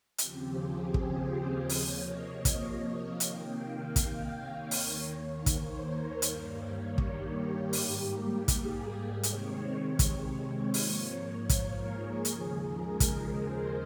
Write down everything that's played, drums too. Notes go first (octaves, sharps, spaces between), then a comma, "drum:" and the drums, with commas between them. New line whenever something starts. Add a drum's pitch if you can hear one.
D#2 C#3 F3 C4 G4, drum: hi-hat
G#4
C5, drum: kick
C3 F3 A#3 C#5, drum: open hi-hat
D#5
drum: kick, hi-hat
F5
C3 D#3 A#3 G5, drum: hi-hat
F5
drum: kick, hi-hat
C#5
D#2 D#3 A#3, drum: open hi-hat
C#5
C5, drum: kick, hi-hat
A#4
G2 D#3 G3 A#3, drum: hi-hat
C#5
G4, drum: kick
G#2 G3 A#3, drum: open hi-hat
G#4, drum: kick, hi-hat
C3 D#3 G#3 C4 C#5, drum: hi-hat
C#5, drum: kick, hi-hat
C#5
G#2 F3 A#3, drum: open hi-hat
A#4, drum: kick, hi-hat
G#4
D#2 C#3 F3 G#3, drum: hi-hat
A#4
drum: kick, hi-hat
C5